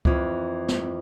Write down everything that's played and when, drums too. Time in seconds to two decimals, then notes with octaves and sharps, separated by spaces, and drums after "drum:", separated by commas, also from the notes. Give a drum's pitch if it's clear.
0.05 F2 E3, drum: kick C#2
0.68 drum: snare